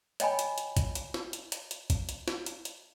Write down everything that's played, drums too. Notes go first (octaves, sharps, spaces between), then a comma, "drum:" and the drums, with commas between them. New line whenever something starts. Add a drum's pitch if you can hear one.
C#5 D#5 G5 G#5 B5, drum: hi-hat
drum: hi-hat
drum: hi-hat
drum: kick, hi-hat
drum: hi-hat
drum: snare
drum: hi-hat
drum: hi-hat
drum: hi-hat
drum: kick, hi-hat
drum: hi-hat
drum: snare
drum: hi-hat
drum: hi-hat